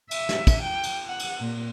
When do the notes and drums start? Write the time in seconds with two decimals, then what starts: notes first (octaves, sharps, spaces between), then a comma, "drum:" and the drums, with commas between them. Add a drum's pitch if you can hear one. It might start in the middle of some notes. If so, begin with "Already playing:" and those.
0.11 E5, drum: cymbal
0.29 drum: snare
0.47 drum: kick, cymbal
0.63 G5
0.83 drum: cymbal
1.08 F#5
1.19 drum: cymbal
1.40 A#2